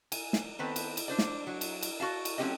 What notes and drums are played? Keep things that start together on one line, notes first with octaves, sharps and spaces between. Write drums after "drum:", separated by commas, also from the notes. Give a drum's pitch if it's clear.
G#5, drum: cymbal
drum: snare
D#3 B3 C4 A4 B4
drum: cymbal
drum: cymbal
D4 C5 D5
drum: snare
F#3
drum: cymbal
drum: cymbal
F#4 F5 A5
drum: cymbal
F#3 A3 C4 C#4 G4 D#5